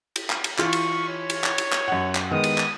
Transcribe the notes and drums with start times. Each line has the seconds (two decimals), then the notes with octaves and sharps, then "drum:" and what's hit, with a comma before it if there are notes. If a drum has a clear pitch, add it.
0.16 drum: cymbal
0.30 drum: clap
0.44 drum: cymbal
0.58 E3 F4 C#6, drum: clap
0.73 drum: cymbal
1.08 C#5
1.30 drum: cymbal
1.44 drum: clap
1.58 drum: cymbal
1.72 drum: clap
1.88 F#2 F#5
2.15 drum: clap
2.31 D#3 G#3 B3 D#6
2.44 drum: cymbal
2.58 drum: clap